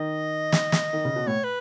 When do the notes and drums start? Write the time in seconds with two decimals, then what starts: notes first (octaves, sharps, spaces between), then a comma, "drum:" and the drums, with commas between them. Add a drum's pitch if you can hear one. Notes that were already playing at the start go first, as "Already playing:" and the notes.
Already playing: D#3 D#5
0.52 drum: snare
0.72 drum: snare
0.93 D#3
1.05 C#3
1.16 B2
1.27 A2 C#5
1.44 B4